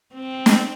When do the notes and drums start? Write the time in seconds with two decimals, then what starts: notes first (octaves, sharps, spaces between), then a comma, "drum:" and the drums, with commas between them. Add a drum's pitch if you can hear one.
0.14 C4
0.46 drum: snare